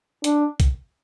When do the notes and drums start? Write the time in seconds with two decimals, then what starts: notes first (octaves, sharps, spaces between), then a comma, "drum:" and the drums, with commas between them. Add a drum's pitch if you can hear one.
0.24 D4, drum: hi-hat
0.60 drum: kick, hi-hat